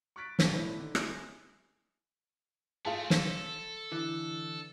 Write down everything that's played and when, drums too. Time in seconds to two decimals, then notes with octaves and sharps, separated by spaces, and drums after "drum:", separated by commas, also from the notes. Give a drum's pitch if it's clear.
0.16 C#6 F6 F#6 A6 B6 D7
0.39 A1 A#2 B4 A5, drum: snare
0.52 A3 D4 E4 C5
0.77 D3 D#3
0.95 A3 E4 G#5 A#6, drum: rim click
2.85 A3 C4 F4 G#4 A5
3.10 A4, drum: snare
3.92 D3 E3